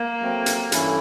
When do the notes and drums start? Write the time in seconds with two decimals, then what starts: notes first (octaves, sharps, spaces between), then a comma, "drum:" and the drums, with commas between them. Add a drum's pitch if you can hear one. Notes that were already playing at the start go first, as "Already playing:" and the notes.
Already playing: A#3
0.21 F#3 A3 C4
0.46 drum: hi-hat
0.72 G2 E3 A3 C#4 E4, drum: hi-hat